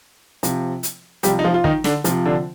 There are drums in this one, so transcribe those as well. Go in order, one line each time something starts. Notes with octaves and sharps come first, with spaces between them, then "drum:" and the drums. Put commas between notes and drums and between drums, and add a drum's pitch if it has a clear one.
C3 F3, drum: hi-hat
drum: hi-hat
C3 F3 G3 G4, drum: hi-hat
D#4
F3 F4
F4
D#3 D#4, drum: kick
D3 D4, drum: snare
C3 F3 F4, drum: hi-hat
D3 D4